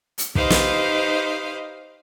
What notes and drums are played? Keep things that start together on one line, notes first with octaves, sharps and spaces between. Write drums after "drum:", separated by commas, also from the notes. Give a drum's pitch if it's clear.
drum: hi-hat
D#4 G4 B4 C5 D#5 F5, drum: kick
drum: snare